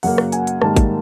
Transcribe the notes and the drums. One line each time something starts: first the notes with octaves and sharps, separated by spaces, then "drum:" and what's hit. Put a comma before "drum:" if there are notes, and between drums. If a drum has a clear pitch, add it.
F#2 C#3 F#3 A#3 F#5, drum: open hi-hat
drum: rim click
G#5, drum: hi-hat
drum: hi-hat
G#2 D#3 G3 A#3 A5, drum: rim click
drum: kick G#1, hi-hat